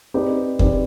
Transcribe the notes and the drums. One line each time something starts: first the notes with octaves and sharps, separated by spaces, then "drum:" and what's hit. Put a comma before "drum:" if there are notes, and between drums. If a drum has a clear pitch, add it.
C4 D#4 G4 B4 D5
C4 D#4 G4 B4 D5, drum: kick E2